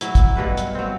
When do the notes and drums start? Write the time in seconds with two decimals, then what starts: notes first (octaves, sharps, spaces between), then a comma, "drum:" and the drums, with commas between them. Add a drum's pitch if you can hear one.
0.01 F#3 E4, drum: hi-hat
0.15 drum: kick, hi-hat
0.35 G2 B2 B4 F#5
0.57 drum: hi-hat
0.75 F#3 C4